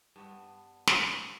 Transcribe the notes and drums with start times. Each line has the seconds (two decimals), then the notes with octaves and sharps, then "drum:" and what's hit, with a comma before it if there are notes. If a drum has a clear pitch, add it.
0.16 G2 B3 D4
0.87 drum: snare